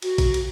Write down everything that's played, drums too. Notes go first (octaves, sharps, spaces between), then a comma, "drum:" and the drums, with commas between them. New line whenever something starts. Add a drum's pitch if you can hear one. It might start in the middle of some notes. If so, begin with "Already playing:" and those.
F#4, drum: cymbal
drum: kick A1, cymbal
drum: cymbal